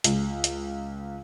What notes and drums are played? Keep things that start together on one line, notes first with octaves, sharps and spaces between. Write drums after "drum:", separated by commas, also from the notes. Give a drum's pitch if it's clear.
C#2, drum: hi-hat
drum: hi-hat